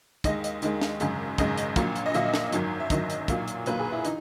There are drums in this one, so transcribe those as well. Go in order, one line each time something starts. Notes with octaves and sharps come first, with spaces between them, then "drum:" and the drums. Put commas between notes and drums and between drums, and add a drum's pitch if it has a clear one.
D#2 D#3 G#3 D#5, drum: kick, hi-hat
D#5, drum: hi-hat
D#2 D#3 G#3, drum: hi-hat
drum: snare
G#1 F#2 C#3 G#3, drum: hi-hat
G#1 F#2 C#3 G#3 D#5, drum: kick, hi-hat
drum: hi-hat
A#1 A#2 F#3 A#3, drum: kick, hi-hat
drum: hi-hat
D#5
A#1 A#2 F#3 A#3 E5, drum: hi-hat
drum: snare
G#1 F#2 D#3 F#3, drum: hi-hat
E5
G#1 F#2 D#3 F#3 D#5, drum: kick, hi-hat
drum: hi-hat
B1 A#2 F#3 A#3, drum: kick, hi-hat
drum: hi-hat
B1 A#2 F#3 A#3 B4, drum: hi-hat
G#4
E4
E3 D#4, drum: hi-hat